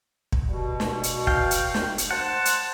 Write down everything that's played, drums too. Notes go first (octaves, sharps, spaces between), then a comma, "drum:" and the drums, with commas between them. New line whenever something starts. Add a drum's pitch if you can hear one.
drum: kick
G2 B2
drum: snare
drum: hi-hat
F5 G5, drum: kick
drum: hi-hat
drum: snare
drum: hi-hat
C5 F#5 A5
drum: hi-hat